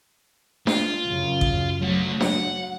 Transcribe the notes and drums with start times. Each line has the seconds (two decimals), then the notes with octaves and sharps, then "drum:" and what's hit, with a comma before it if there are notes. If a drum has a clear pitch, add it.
0.67 F4, drum: snare D4
1.04 F#2 C#3
1.41 drum: kick A1
1.82 F#3 A3 F#4
2.21 F#5, drum: snare D4